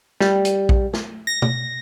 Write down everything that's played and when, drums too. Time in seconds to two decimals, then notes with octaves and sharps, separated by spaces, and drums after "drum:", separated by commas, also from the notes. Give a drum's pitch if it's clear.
0.20 G3, drum: snare
0.45 drum: hi-hat
0.69 drum: kick A#1
0.93 drum: snare
1.27 A#6
1.42 drum: tom B2